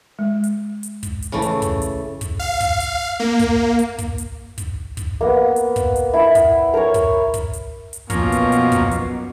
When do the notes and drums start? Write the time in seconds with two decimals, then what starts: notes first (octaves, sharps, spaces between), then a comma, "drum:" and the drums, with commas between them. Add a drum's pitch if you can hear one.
0.19 G#3
0.44 drum: hi-hat
0.83 drum: hi-hat
1.03 drum: kick, hi-hat
1.22 drum: hi-hat
1.32 C#3 E3 A3
1.42 drum: hi-hat
1.62 drum: kick, hi-hat
1.82 drum: hi-hat
2.21 drum: kick, hi-hat
2.39 F5
2.60 drum: kick, hi-hat
2.80 drum: hi-hat
3.20 A#3
3.39 drum: kick, hi-hat
3.79 drum: hi-hat
3.98 drum: kick, hi-hat
4.18 drum: hi-hat
4.58 drum: kick, hi-hat
4.97 drum: kick, hi-hat
5.21 A#3 B3
5.56 drum: hi-hat
5.76 drum: kick, hi-hat
5.96 drum: hi-hat
6.13 E4 B5
6.35 drum: kick, hi-hat
6.74 A#4 C#5
6.94 drum: kick, hi-hat
7.34 drum: kick, hi-hat
7.53 drum: hi-hat
7.93 drum: hi-hat
8.10 F#2 B2 F3 A#3 C#4 A#4, drum: kick, hi-hat
8.32 drum: hi-hat
8.52 drum: hi-hat
8.72 drum: kick, hi-hat
8.91 drum: hi-hat